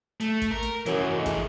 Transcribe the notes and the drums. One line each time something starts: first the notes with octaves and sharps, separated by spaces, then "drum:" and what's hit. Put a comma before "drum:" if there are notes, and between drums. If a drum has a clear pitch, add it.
A3, drum: hi-hat
drum: kick, hi-hat
A#4
drum: hi-hat
F#2 E3 G3, drum: hi-hat
G#3 A3
drum: kick, hi-hat